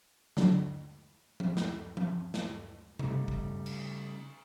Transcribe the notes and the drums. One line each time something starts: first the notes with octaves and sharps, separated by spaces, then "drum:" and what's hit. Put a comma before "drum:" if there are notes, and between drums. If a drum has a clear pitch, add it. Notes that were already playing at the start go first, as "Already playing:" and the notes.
D3 F#3, drum: snare
drum: tom F3
drum: snare
drum: tom F3
drum: snare
C#3 G3 A3 D#4, drum: tom C3
drum: kick
drum: cymbal